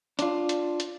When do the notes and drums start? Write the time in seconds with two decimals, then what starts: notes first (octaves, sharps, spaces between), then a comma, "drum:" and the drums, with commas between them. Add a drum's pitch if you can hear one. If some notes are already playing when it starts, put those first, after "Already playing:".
0.19 D4 F4, drum: hi-hat
0.49 drum: hi-hat
0.80 drum: hi-hat